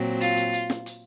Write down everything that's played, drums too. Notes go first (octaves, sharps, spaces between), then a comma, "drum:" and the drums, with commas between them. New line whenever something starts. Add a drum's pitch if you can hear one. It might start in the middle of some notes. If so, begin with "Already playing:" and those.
Already playing: A#2 F#3 C4
F4, drum: hi-hat
drum: hi-hat
drum: hi-hat
drum: snare
drum: hi-hat